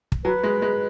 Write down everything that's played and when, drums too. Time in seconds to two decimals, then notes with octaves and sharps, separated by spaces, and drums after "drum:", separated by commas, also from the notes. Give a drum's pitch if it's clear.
0.12 drum: kick
0.24 F#3 B4
0.44 G#3
0.62 G#3